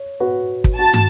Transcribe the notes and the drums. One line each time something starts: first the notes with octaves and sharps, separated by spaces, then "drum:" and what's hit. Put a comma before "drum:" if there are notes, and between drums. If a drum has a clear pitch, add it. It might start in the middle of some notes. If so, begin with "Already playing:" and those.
Already playing: C#5
F#4 B4
drum: kick
F#4 A5
drum: tom